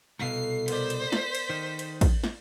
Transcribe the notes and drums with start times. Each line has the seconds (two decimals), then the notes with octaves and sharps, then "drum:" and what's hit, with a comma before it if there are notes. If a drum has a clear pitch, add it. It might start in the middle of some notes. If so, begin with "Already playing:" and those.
0.19 C2 B2 A4 F5 F#6 C7
0.68 B3 A#4 C5 D5 B6, drum: cymbal
0.90 drum: cymbal
1.12 drum: snare
1.35 drum: cymbal
1.50 D#3
1.79 drum: cymbal
2.01 drum: kick, cymbal
2.24 drum: snare